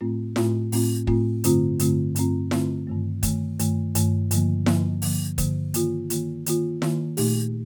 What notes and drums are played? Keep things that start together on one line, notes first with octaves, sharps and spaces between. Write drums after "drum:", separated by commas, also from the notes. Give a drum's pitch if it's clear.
A2 A3 C4 F4
A2 A3 C4 F4, drum: snare E4
A2 A3 C4 F4, drum: open hi-hat
A2 A3 C4 F4, drum: kick
G2 D3 A3 C4 F4, drum: hi-hat
G2 D3 A3 C4 F4, drum: hi-hat
G2 D3 A3 C4 F4, drum: hi-hat
G2 D3 A3 C4 F4, drum: snare E4
G2 D#3 A3
G2 D#3 A3, drum: kick, hi-hat
G2 D#3 A3, drum: hi-hat
G2 D#3 A3, drum: hi-hat
G2 D3 F3 A#3, drum: hi-hat
G2 D3 F3 A#3, drum: snare E4
G2 D3 F3 A#3, drum: open hi-hat
G2 D3 F3 A#3, drum: kick, hi-hat
D#3 A#3 F4, drum: hi-hat
D#3 A#3 F4, drum: hi-hat
D#3 A#3 F4, drum: hi-hat
D#3 A#3 F4, drum: snare E4
A#2 A3 D#4 G4, drum: open hi-hat